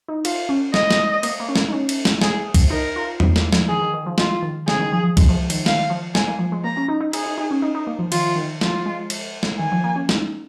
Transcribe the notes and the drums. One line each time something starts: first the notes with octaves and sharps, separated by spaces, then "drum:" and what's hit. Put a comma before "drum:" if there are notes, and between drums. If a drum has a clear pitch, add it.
D#4
F4 F5, drum: cymbal
C#4
G#3 D#5, drum: snare
drum: snare
A#3, drum: cymbal
A#3
C#4
A#3, drum: snare
D#4
C#4
drum: cymbal
drum: snare
G#4, drum: snare
drum: kick C2, cymbal
D#4 A#4
F4
D#4, drum: tom E2
A#3, drum: snare
F3, drum: snare
D#3 G#4
D#3
D#3
F3
G#3 F4, drum: snare
D#3
C#3 G#4, drum: snare
D#3
F3
F3
G#3, drum: kick C2, cymbal
F3
G#3
D#3, drum: cymbal
D#3 F5, drum: snare
F3
G#3 G#5, drum: snare
A#3
F3
G#3
A#3 A#5
C#4
D#4
D#4
D#4 G#4, drum: cymbal
D#4
D#4
C#4
D#4
D#4
A#3
F3
D#3 F4, drum: cymbal
D#3
F3 F4, drum: snare
G#3
drum: cymbal
drum: snare
D#3 G#5
F3
A#3
C#4
D#4, drum: snare